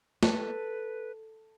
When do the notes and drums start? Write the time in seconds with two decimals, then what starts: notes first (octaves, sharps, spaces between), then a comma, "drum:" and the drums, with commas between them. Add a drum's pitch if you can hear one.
0.23 A4 B4, drum: snare